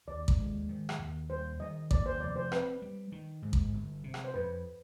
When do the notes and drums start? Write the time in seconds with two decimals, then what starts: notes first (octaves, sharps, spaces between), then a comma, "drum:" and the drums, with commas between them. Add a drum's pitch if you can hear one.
0.08 D#2 D5
0.28 drum: kick A1
0.38 G#3
0.69 D#3
0.89 drum: rim click
0.99 D#2
1.30 G3 C5
1.60 D#3 D#5
1.91 D#2 D5, drum: kick A1
2.06 C5
2.20 F1 D5
2.36 C5
2.52 C4 B4, drum: rim click
2.82 G3
3.12 D#3
3.42 G#2
3.53 drum: kick A1
3.73 G1
4.04 C3
4.14 drum: rim click
4.24 C5
4.34 F2 B4